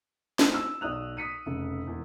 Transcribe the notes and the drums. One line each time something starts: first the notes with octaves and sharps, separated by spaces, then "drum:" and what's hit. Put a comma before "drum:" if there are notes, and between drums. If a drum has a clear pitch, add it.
A3 C4 D#4 E4, drum: snare
E6
B1 D5 D#6 F#6 F7
D#6 B6 C#7 D#7
F1 C#3
E1 E2